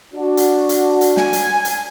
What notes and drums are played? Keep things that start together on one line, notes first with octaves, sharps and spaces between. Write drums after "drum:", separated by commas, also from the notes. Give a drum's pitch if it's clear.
D4 F#4
drum: hi-hat
drum: hi-hat
drum: hi-hat
G#5, drum: snare
drum: hi-hat
drum: hi-hat